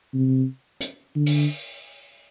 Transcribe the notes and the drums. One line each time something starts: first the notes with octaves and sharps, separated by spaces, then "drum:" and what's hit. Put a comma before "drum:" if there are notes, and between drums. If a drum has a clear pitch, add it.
C3
drum: hi-hat
D3
drum: open hi-hat